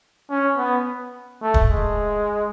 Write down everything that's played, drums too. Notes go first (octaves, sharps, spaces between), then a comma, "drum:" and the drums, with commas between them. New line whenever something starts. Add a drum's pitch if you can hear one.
C#4
B3
A3
drum: kick
G#3